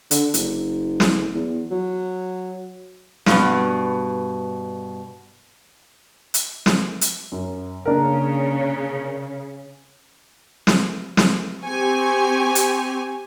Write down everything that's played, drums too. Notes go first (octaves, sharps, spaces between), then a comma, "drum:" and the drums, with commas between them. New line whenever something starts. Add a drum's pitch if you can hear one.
D3, drum: hi-hat
F#1, drum: hi-hat
drum: snare
E2
F#3
G2 B2, drum: snare
drum: hi-hat
drum: snare
drum: hi-hat
F#2
C#3 A#3 D4 A#4
drum: snare
drum: snare
C4 G4 G#5 C#6
drum: hi-hat